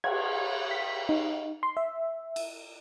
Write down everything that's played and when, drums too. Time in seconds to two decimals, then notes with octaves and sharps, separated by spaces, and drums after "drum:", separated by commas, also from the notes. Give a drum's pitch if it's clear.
0.04 G#6, drum: cymbal
0.71 B6
1.09 D#4
1.63 C6
1.77 E5
2.36 drum: cymbal